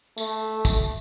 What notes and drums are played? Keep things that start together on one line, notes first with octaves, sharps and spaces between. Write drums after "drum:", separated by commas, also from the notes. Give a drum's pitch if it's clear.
A3, drum: tambourine
drum: kick, tambourine